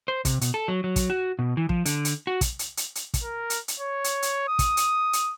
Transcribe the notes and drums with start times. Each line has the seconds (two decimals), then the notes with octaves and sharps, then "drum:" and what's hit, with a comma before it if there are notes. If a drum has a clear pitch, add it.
0.08 C5
0.25 C3, drum: kick, hi-hat
0.41 B2, drum: hi-hat
0.54 A4
0.68 F#3
0.84 F#3
0.96 drum: kick, hi-hat
1.10 F#4
1.39 B2
1.57 E3
1.69 F3, drum: kick
1.85 D3, drum: hi-hat
2.05 drum: hi-hat
2.27 F#4
2.41 drum: kick, hi-hat
2.59 drum: hi-hat
2.77 drum: hi-hat
2.95 drum: hi-hat
3.14 drum: kick, hi-hat
3.23 A#4
3.50 drum: hi-hat
3.68 drum: hi-hat
3.80 C#5
4.04 drum: hi-hat
4.22 drum: hi-hat
4.48 D#6
4.59 drum: kick, hi-hat
4.77 drum: hi-hat
5.13 drum: hi-hat